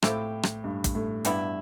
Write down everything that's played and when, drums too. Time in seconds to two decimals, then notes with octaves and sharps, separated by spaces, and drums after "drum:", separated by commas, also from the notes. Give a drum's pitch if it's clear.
0.02 A2 F3 C4 E4 G4, drum: rim click
0.43 drum: rim click
0.64 G2
0.84 drum: kick, hi-hat
0.95 A2
1.25 G2 B2 G3 B3 E4, drum: hi-hat